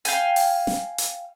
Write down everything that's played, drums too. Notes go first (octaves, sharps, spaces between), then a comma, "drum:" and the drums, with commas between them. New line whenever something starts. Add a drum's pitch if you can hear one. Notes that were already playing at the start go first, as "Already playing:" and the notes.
F5 G5 G#5, drum: hi-hat
drum: open hi-hat
drum: snare
drum: hi-hat